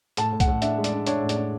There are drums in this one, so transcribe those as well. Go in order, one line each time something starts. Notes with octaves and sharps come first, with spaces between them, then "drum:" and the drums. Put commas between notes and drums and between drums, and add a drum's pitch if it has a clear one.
A2 A5, drum: hi-hat
A2
F#5, drum: kick, hi-hat
A2
D4 E5, drum: hi-hat
G#3
D5, drum: hi-hat
D4
D4 C#5, drum: hi-hat
A2
D5, drum: hi-hat
D4